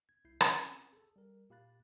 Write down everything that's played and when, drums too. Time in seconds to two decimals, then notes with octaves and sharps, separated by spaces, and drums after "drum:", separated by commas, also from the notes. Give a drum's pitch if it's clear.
0.09 G#6
0.25 C2 E4 G6 C7
0.41 C4 C#4, drum: rim click
0.93 G#4 A4
1.16 G3 A#4
1.50 A#2 G4 F5 B5 F#6 A6